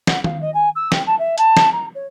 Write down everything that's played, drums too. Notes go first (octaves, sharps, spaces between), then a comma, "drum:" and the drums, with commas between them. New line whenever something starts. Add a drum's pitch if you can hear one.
F#5, drum: snare
F5, drum: tom D#3
D#5
G#5
E6
G5, drum: snare
A5
E5
A5, drum: hi-hat
drum: snare
A#5
C#5